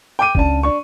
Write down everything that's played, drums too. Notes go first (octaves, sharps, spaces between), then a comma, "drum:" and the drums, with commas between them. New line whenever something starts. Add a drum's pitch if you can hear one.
G5 D6 D#7
C#2 C#3 D4 A5, drum: kick
D4 C#6